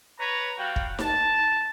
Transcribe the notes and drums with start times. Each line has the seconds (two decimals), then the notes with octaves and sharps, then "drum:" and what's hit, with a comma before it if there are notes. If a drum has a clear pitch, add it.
0.19 B4 C#5 A#5
0.58 G3 F#4 F5 G5
0.76 drum: kick
0.99 A5, drum: snare D#4